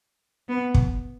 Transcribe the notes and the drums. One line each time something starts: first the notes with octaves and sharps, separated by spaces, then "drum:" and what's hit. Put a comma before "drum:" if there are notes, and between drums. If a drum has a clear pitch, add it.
B3
drum: kick